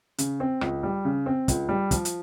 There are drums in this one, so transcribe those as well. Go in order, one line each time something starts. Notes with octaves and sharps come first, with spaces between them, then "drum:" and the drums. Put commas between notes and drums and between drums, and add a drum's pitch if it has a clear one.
C#3, drum: hi-hat
C4
C#2, drum: rim click
G3
C#3
C4
C#2, drum: kick, hi-hat
G3
F3, drum: kick, hi-hat
drum: hi-hat